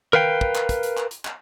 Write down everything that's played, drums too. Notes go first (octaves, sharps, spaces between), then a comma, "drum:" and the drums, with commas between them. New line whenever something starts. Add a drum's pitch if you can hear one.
A#4 B4 F5 G5, drum: tom D#3
drum: kick
drum: clap
drum: kick, hi-hat
drum: hi-hat
drum: clap
drum: hi-hat
drum: clap